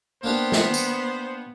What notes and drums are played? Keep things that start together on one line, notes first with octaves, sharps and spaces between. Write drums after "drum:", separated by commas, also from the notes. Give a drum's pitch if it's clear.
A#3 B3 D4 G4 C5
drum: snare
drum: tambourine